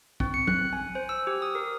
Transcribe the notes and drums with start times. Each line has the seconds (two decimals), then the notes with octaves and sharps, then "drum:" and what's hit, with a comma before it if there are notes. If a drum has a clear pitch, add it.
0.20 C4, drum: kick B1
0.34 C#7
0.47 F#6, drum: tom F#3
0.73 G#5
0.95 C5
1.09 E6
1.27 G4
1.42 D#6
1.55 A#4